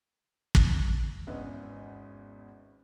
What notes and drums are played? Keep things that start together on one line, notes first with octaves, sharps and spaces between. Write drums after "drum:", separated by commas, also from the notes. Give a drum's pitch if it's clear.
drum: kick
G#1 E2 C#4 B4 D#5 E5